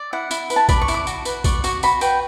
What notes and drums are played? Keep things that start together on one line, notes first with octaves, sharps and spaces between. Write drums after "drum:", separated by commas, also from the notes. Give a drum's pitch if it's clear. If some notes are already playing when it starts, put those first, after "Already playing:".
Already playing: D5
E4 F#5
E4, drum: tambourine
B4, drum: tambourine
A5
D5 B5, drum: kick A#1, tambourine
C#6
E4, drum: tambourine
D6
F#4, drum: tambourine
B4, drum: tambourine
D5 C#6, drum: kick A#1, tambourine
F#4 C#6, drum: tambourine
F#4 B5, drum: tambourine
B4 G5, drum: tambourine